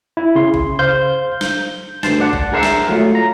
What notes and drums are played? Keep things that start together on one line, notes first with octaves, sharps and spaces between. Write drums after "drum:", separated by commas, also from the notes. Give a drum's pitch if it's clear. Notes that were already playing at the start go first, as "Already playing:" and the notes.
E4
C#3 C6
drum: kick A#1
C5 F5 G6
G6, drum: snare
D2 G2 C5 A5, drum: snare
D5 F#5 A5
drum: kick A#1
G#4 A#4 C5 D5 E5 F#5
drum: snare
F#3 A3 D#4 F4
A#5